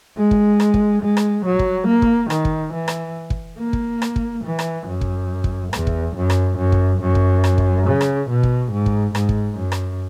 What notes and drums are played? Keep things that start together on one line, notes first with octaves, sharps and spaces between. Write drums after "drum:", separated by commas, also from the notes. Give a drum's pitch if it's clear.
G#3
drum: kick
drum: rim click
drum: kick
G#3
drum: rim click
F#3
drum: kick
A#3
drum: kick
D#3, drum: rim click
drum: kick
E3
drum: rim click
drum: kick
A#3
drum: kick
drum: rim click
drum: kick
E3
drum: rim click
F#2
drum: kick
drum: kick
E2, drum: rim click
drum: kick
F#2
drum: rim click
F#2
drum: kick
F#2
drum: kick
drum: rim click
drum: kick
C#3
drum: rim click
B2
drum: kick
G#2
drum: kick
G#2, drum: rim click
drum: kick
F#2
drum: rim click